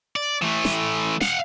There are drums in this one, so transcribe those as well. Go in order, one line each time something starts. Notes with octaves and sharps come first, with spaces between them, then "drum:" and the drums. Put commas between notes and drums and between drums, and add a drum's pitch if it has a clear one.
D5
E3 A3
drum: snare
F5 F#5, drum: snare